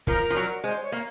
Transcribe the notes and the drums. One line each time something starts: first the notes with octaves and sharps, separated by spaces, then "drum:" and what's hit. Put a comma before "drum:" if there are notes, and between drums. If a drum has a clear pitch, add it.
F3 A#4, drum: kick
F3
F#3
G#3 C5
C#5
A#3 F5